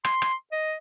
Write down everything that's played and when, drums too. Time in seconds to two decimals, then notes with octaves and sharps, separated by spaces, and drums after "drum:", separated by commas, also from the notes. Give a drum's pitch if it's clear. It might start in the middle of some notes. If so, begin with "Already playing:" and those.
0.05 C6, drum: rim click
0.22 drum: rim click
0.52 D#5